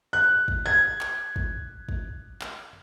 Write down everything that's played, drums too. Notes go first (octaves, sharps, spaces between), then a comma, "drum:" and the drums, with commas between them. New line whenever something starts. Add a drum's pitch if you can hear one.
F#6
drum: kick
G#6
drum: clap
drum: kick
drum: kick
drum: clap